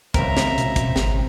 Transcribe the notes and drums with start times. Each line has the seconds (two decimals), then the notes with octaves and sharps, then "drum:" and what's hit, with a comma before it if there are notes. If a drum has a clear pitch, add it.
0.14 C#2 C4 A#4 E5 A#5, drum: kick, hi-hat
0.37 drum: snare
0.58 B2, drum: hi-hat
0.76 drum: kick, hi-hat
0.96 G#1, drum: snare